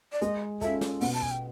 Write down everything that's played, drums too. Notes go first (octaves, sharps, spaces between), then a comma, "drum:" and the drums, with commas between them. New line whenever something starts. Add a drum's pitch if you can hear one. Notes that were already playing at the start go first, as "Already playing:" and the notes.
D5
G#3 D#5, drum: hi-hat
C#4 F4 A4 E5, drum: kick, hi-hat
drum: snare
B2 F#5, drum: open hi-hat
A5
G#5, drum: kick
G5